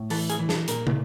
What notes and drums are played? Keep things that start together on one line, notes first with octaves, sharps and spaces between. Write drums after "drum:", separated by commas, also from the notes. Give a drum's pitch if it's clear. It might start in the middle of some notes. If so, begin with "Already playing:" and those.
Already playing: A2
E3 A4, drum: open hi-hat
G#4, drum: hi-hat
E3
A4, drum: snare
A#2 A#4, drum: hi-hat
drum: tom